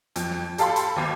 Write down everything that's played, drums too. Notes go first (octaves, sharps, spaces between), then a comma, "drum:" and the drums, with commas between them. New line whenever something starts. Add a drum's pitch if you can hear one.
F2, drum: hi-hat
drum: snare
G4 A4 F5 A5 B5 C6, drum: hi-hat
drum: hi-hat
G#1 D#2